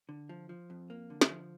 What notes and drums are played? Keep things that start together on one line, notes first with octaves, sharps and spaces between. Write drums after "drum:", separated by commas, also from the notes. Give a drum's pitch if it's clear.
D3
F3
F3
F2
A#3
D3
drum: snare
F3